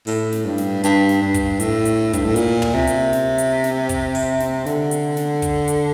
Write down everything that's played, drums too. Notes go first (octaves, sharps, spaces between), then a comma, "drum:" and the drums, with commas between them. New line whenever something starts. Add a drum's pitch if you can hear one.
A2, drum: open hi-hat
drum: snare
G2
drum: snare
G2, drum: hi-hat
drum: snare
G2
drum: kick, hi-hat
A2, drum: hi-hat
drum: hi-hat
G2, drum: kick, hi-hat
A2
A#2, drum: hi-hat
drum: tom
C3
drum: hi-hat
drum: snare
drum: hi-hat
drum: snare
drum: kick, hi-hat
drum: open hi-hat
drum: snare
D3, drum: snare
drum: hi-hat
drum: snare
drum: kick, hi-hat
drum: hi-hat